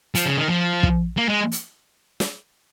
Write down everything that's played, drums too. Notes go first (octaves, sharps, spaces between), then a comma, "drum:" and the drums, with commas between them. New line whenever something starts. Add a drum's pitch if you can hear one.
F3, drum: hi-hat
C#3
D#3
F3
drum: kick
A#3
G#3
drum: hi-hat
drum: snare